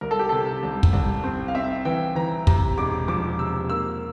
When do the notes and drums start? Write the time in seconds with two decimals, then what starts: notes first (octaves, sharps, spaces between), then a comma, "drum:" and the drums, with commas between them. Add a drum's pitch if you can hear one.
0.01 C2 A#4
0.11 A4
0.19 G4
0.29 C3 A4
0.63 C2
0.83 drum: kick
0.93 C2
1.24 C4
1.48 F5
1.55 C4 E5
1.85 E3 G5
2.15 E3 A#5
2.47 C3 A#5, drum: kick
2.77 E1 D6
3.08 F3 D6
3.39 C3 E6
3.69 A#3 E6